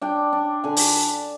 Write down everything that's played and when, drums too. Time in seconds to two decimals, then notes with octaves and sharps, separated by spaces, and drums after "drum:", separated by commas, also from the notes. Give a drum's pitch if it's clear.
0.01 D4 G5
0.33 D4
0.64 D3 G#5
0.77 drum: open hi-hat